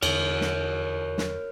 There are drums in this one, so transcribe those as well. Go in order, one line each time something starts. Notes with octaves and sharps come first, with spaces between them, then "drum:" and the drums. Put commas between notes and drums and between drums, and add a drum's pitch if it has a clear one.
E2 D3 A#4 C#5, drum: cymbal
drum: snare
drum: snare